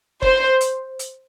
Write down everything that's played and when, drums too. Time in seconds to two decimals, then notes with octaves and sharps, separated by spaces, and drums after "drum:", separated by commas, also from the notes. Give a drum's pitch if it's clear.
0.22 C5, drum: kick
0.61 drum: hi-hat
0.99 drum: hi-hat